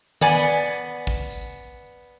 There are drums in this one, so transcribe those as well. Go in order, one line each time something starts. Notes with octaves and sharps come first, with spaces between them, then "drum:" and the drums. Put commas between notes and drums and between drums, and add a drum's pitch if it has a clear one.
B3 D5 G#5, drum: tom D#3
drum: kick
drum: tambourine